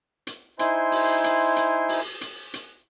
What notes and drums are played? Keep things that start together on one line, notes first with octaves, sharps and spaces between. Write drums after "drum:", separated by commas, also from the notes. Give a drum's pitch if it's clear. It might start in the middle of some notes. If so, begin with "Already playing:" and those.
drum: hi-hat
D#4 E4 C5 G#5 C6, drum: hi-hat
drum: open hi-hat
drum: hi-hat
drum: hi-hat
drum: open hi-hat
drum: hi-hat
drum: hi-hat